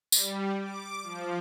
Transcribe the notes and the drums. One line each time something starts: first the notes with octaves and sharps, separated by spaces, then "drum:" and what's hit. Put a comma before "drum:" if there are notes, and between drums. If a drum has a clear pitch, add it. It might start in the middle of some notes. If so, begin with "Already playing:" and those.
G3, drum: tambourine
D6
F3